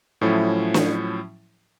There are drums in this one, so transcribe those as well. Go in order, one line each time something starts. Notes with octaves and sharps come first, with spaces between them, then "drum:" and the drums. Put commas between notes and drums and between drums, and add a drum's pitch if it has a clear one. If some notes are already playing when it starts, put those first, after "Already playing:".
A2 F3 F#3 C#4 E4 A4
drum: snare